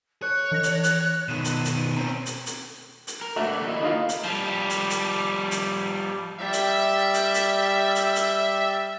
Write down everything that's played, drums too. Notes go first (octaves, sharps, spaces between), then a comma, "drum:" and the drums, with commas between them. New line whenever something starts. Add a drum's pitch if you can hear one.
C#5 F#6
E3 A#6
drum: hi-hat
drum: hi-hat
B2 D#3 D#7 E7
drum: hi-hat
drum: hi-hat
C4 C#4 A#5
drum: hi-hat
drum: hi-hat
drum: hi-hat
A#4
A3 A#3 D4 F#4
A#3 E4 D#5
D#4 F4
drum: hi-hat
F3 G3
drum: hi-hat
drum: hi-hat
drum: hi-hat
G3 E5
drum: hi-hat
drum: hi-hat
drum: hi-hat
drum: hi-hat
drum: hi-hat